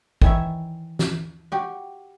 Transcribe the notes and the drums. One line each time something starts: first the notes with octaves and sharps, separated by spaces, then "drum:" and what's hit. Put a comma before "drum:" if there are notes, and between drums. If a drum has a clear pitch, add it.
D#3 E3 C#5 E5, drum: kick
drum: snare
F#4 G4